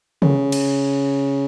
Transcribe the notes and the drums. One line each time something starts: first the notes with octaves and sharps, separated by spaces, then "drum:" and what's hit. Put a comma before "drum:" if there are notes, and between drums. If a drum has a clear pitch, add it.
C#3, drum: tom
drum: cymbal